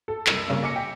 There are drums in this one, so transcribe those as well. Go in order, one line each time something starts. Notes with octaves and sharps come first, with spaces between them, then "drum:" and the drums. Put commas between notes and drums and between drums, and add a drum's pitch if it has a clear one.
A4
F#1 C2 E6, drum: clap
G2 C#3 A#3
D#5 G#5 D6 A#6 B6 C#7
G5